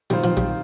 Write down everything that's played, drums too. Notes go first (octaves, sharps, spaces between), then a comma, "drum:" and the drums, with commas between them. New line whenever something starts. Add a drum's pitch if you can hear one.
D#3 G3 C4 F4 C5
F3
G3, drum: kick A#1